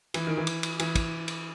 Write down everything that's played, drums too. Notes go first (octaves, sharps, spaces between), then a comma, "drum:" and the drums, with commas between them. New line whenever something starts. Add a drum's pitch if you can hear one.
E3, drum: cymbal
D#3
E3
drum: cymbal
drum: cymbal
E3, drum: cymbal
drum: kick, cymbal
drum: cymbal